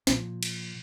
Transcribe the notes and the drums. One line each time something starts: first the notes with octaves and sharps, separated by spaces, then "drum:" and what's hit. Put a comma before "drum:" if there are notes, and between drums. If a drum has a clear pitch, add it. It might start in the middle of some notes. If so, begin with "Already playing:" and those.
A#2 F3, drum: snare
drum: cymbal